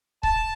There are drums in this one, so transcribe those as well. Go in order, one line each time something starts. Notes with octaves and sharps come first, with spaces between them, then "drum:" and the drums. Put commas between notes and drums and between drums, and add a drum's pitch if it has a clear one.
A5, drum: kick C#1